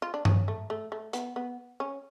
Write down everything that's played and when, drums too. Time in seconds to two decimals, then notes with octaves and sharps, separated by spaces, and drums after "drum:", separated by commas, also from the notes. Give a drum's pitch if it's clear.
0.02 F4
0.14 D4
0.25 C#4, drum: tom G2
0.48 A3
0.70 A3
0.92 A3
1.13 B3, drum: hi-hat
1.36 B3
1.80 C#4